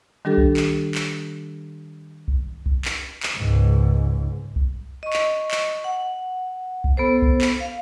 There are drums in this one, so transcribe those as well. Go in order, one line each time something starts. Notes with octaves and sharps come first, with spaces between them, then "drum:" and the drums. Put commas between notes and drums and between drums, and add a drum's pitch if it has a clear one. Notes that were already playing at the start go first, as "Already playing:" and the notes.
D#3 G3 D4 G4 A4
drum: kick B1
drum: clap
drum: clap
drum: kick B1
drum: kick B1
drum: clap
drum: clap
C#2 G#2
drum: kick B1
D#5 C#6
drum: clap
drum: clap
F#5
drum: kick B1
B3 A4 C5
drum: kick B1
drum: clap
F5